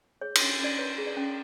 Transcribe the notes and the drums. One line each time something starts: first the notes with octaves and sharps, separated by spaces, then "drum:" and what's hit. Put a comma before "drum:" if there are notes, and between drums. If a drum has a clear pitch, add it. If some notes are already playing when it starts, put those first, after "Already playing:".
G#4 C#5
C#5, drum: cymbal
C#4
C#5
C#4 D5
B4 C#5
G#4
D5
C#4